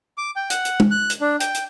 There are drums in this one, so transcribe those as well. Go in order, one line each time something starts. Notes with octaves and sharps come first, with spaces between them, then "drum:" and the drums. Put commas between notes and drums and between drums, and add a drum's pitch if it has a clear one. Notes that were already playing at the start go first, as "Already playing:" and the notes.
D6
G5
F#5, drum: hi-hat
drum: hi-hat
drum: tom
F#6
drum: hi-hat
D4
G5, drum: hi-hat
drum: hi-hat